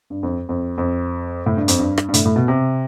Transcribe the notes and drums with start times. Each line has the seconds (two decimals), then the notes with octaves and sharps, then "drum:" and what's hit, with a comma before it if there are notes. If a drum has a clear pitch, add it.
0.10 G2
0.23 F2
0.49 F2
0.78 F2
1.46 A2
1.57 G2
1.68 F2, drum: hi-hat
1.79 G2
1.98 drum: rim click
2.09 G2
2.14 A2, drum: hi-hat
2.25 A2
2.36 B2
2.48 C3